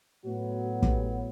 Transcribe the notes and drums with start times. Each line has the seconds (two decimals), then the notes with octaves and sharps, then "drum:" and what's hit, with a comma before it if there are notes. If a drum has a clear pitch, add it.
0.25 A2 F#3 B3 F#4
0.82 G4, drum: kick